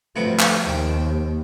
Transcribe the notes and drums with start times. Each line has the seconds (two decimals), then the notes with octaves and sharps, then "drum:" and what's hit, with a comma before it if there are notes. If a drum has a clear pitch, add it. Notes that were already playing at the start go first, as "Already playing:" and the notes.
0.16 D2 G2 C3 F3 B3
0.40 drum: clap
0.65 D#2 C5 G5